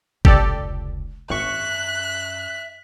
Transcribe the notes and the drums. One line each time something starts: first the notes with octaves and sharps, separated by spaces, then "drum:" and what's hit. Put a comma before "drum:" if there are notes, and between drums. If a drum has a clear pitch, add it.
F1 C#2 G4 A4 D5, drum: kick G1
G#1 F#2 C#4 E5 C#6 F#6